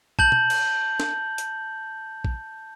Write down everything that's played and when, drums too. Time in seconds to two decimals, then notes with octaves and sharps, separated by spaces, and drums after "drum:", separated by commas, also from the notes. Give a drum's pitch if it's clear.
0.19 A5 G6 F#7, drum: kick A#1
0.32 drum: tom
0.50 drum: cymbal
1.00 drum: snare
1.38 drum: hi-hat
2.25 drum: kick A#1